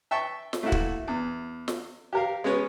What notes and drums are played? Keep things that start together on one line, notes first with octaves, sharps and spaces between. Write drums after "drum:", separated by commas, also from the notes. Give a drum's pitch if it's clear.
E5 G5 A5 C#6
drum: snare
A3 A#3 E4 F#4
drum: kick
E2
drum: snare
G4 A#4 F5
G#3 B3 C#4 C#5